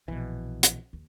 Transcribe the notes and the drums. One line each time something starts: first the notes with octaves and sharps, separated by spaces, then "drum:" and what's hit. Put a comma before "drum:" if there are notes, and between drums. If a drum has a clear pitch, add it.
A#1 B2 E3
drum: hi-hat
D#2